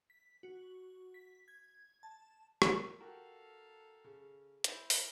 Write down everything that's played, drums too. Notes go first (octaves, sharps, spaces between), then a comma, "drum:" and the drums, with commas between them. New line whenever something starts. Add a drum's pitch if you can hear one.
B6
F#4
B6
G#6
A5
A#4, drum: rim click
F#4 G4 A4 A#4 F5
C#3
E4 C5, drum: hi-hat
drum: open hi-hat